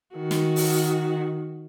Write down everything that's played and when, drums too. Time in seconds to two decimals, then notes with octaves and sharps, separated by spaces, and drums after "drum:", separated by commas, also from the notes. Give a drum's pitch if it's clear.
0.16 D#3 F#4
0.31 drum: snare
0.56 drum: open hi-hat